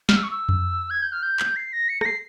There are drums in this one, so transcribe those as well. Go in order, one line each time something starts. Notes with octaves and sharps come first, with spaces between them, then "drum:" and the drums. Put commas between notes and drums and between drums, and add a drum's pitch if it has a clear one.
F6, drum: snare
E6
C#6
E6
drum: tom F2
G#6
G6
F6
G6
drum: clap
C7
A#6
C#7
A#6, drum: rim click
C7